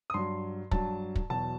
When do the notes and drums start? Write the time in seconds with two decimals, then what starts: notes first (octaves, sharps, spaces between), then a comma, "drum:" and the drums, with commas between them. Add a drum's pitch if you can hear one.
0.10 D#6
0.14 G2 F#3 C6
0.71 G2 F#3 A5, drum: kick
1.16 drum: kick
1.30 E2 B2 F#3 A5